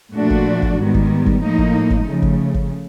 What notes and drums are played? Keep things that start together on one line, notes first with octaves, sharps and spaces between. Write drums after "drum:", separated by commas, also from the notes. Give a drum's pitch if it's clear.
A#2 F3 A3 D4 F#4
drum: kick
drum: kick
G#2 D#3 G3 B3
drum: kick
drum: kick
A2 F3 A#3 D#4
drum: kick
drum: kick
C#3 F3 A3
drum: kick
drum: kick